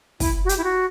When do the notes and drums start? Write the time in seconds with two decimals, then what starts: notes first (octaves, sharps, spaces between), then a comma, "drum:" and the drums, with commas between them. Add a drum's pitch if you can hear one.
0.20 E4, drum: kick, open hi-hat
0.45 F#4
0.49 G4, drum: hi-hat
0.58 E4
0.64 F#4